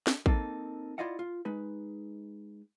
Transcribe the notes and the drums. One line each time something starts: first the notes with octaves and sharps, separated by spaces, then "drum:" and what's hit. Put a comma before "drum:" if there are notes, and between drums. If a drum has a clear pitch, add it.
drum: snare
A#3 C4 D#4 A4, drum: kick A1
E4 F4 D5 D#5 F5 F#5
F4
G#3 D#4 B4